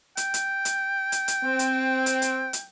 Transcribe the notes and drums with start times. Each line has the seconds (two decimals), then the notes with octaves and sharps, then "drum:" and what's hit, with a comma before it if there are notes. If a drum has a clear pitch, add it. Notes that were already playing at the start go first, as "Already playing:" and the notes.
0.17 G5, drum: hi-hat
0.34 drum: hi-hat
0.65 drum: hi-hat
1.12 drum: hi-hat
1.28 drum: hi-hat
1.43 C4
1.59 drum: hi-hat
2.06 drum: hi-hat
2.22 drum: hi-hat
2.53 drum: hi-hat